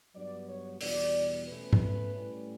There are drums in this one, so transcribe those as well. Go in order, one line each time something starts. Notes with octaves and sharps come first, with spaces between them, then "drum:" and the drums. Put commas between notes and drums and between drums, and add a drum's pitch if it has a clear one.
G2 F#3 B3 D5
C#5
E2 B2 G3 D5, drum: open hi-hat
B2 A3 C#4 B4
drum: tom G#2
A2 G3 C#4